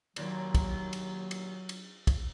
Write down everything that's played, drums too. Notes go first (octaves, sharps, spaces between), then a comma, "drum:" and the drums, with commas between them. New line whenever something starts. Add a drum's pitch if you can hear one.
D#2 A#2 F#3, drum: cymbal
drum: kick, cymbal
drum: cymbal
drum: cymbal
drum: cymbal
drum: kick, cymbal